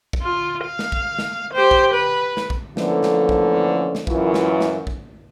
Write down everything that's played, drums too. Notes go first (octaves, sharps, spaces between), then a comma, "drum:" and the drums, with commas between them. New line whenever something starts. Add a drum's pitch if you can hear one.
drum: kick
F4
F5
drum: snare
drum: kick
drum: snare
G4 C5
drum: kick
B4
drum: snare
drum: kick
D3 E3 F3 A3 A#3 C#4, drum: snare
drum: snare
drum: kick
drum: snare
F#2 E3 F4, drum: kick
drum: snare
drum: snare
drum: kick